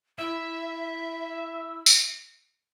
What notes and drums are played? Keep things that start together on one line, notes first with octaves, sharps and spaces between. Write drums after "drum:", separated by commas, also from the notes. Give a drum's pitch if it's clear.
E4 E5
drum: tambourine